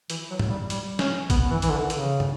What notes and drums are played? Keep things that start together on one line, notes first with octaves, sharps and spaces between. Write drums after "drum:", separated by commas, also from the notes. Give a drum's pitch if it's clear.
E3, drum: hi-hat
F#3
drum: tom G#2
G3
G3, drum: hi-hat
C#4, drum: snare
B3, drum: kick, hi-hat
E3
E3, drum: hi-hat
D3
C#3, drum: hi-hat
drum: tom